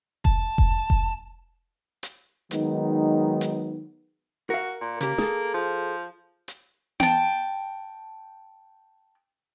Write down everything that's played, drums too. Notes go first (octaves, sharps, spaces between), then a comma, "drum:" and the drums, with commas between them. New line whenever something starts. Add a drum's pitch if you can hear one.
A5, drum: kick F1
drum: kick F1
drum: kick F1
drum: hi-hat
D#3 F#3 G#3 B3 D#4, drum: hi-hat
drum: hi-hat
F#4 A#4 F5
A#2
C#3 A#3 G4, drum: hi-hat
G#4 A4, drum: snare
F3
drum: hi-hat
G5 A5, drum: tom B3